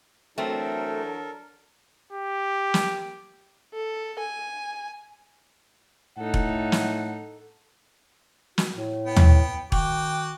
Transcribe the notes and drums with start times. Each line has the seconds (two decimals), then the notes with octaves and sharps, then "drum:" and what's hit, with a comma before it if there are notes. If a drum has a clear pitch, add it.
0.38 E3 F#3 A3 C4 D4 A4 A#4
2.13 G4
2.74 drum: snare
3.74 A4
4.19 G#5
6.18 A2 D#4 A4 F#5
6.34 drum: kick E1
6.72 drum: snare
8.58 F#4, drum: snare
8.74 A2
9.05 B3 G5
9.16 drum: tom
9.72 D#3 F#4 G5 D6, drum: kick E1